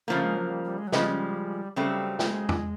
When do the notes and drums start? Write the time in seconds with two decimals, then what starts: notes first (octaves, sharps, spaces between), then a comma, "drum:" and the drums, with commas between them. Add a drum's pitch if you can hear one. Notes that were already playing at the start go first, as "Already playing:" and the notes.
0.08 C#3 F3 A3 A#3
0.22 G#3
0.36 F#3
0.50 G3
0.64 G3
0.78 G#3
0.87 F#3
0.92 C#3 F3 G3 G#3 C#4, drum: snare
1.76 C#3 F#3 G3 A3 C4
2.19 G#3, drum: snare
2.49 drum: tom E2